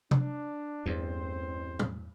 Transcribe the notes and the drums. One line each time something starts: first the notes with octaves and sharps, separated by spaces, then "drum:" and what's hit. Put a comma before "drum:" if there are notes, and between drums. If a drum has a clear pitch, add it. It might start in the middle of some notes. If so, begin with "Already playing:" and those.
D4, drum: tom C3
A1 E2 G2 C4 C5
drum: tom